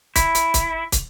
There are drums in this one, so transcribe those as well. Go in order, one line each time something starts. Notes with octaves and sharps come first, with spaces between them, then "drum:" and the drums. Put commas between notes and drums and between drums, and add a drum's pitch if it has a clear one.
E4, drum: kick, hi-hat
drum: hi-hat
drum: kick, hi-hat
drum: kick, hi-hat